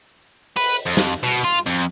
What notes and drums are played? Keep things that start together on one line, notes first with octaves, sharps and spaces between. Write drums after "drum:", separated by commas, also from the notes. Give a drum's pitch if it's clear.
B4, drum: open hi-hat
F2
drum: snare
B2
F4
F2